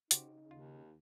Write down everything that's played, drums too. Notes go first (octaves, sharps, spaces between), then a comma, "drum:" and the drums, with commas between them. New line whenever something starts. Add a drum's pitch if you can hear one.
C#3 D#4 F#4 G4 C5, drum: hi-hat
D#2 F4